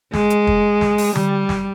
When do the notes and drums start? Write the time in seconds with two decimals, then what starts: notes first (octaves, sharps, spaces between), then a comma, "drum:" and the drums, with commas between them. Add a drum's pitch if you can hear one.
0.13 G#3, drum: snare
0.30 drum: hi-hat
0.47 drum: kick
0.81 drum: snare
0.98 drum: open hi-hat
1.15 G3, drum: tom D3
1.49 drum: snare